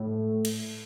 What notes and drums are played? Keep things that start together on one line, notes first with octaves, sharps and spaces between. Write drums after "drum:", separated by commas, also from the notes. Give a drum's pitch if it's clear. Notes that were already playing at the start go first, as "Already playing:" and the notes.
Already playing: A2
drum: cymbal